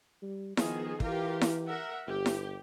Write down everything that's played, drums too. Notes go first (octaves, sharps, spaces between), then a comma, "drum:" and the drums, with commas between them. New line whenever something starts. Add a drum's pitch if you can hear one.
G3
D#3 F3 B3 G#4, drum: snare E4
E3 F4 G4 A#4, drum: kick
drum: snare E4
A#4 E5 F#5
G1 G4
drum: snare E4